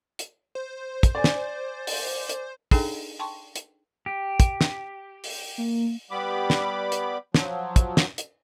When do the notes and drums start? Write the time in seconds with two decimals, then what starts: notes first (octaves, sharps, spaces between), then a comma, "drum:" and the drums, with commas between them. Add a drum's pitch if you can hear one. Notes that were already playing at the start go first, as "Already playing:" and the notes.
0.19 drum: hi-hat
0.55 C5
1.03 drum: kick, hi-hat
1.15 D5 G#5
1.24 drum: snare
1.87 drum: open hi-hat
2.29 drum: hi-hat
2.71 D4 D#4 G#4 A4 G5 G#5, drum: kick, open hi-hat
3.19 G5 A5 C6 C#6
3.56 drum: hi-hat
4.06 G4
4.40 drum: kick, hi-hat
4.61 drum: snare
5.24 drum: open hi-hat
5.58 A#3
6.11 G3 B3 B5 D6
6.50 drum: snare
6.92 drum: hi-hat
7.34 F3 F#3, drum: snare
7.76 drum: kick, hi-hat
7.97 drum: snare
8.18 drum: hi-hat